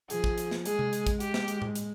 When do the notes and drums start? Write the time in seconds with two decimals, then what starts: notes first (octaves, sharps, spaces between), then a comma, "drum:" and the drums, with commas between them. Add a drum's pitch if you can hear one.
0.10 F3 G#4, drum: hi-hat
0.24 drum: kick
0.38 drum: hi-hat
0.51 drum: snare
0.65 G#3 G#4, drum: hi-hat
0.79 drum: tom C3
0.93 drum: hi-hat
1.07 drum: kick, hi-hat
1.20 G4, drum: hi-hat
1.34 drum: snare
1.48 drum: hi-hat
1.62 drum: tom A2
1.75 drum: hi-hat